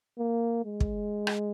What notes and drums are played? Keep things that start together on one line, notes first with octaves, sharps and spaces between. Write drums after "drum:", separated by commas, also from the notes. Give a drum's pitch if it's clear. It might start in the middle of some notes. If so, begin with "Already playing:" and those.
A#3
G#3
drum: kick
drum: rim click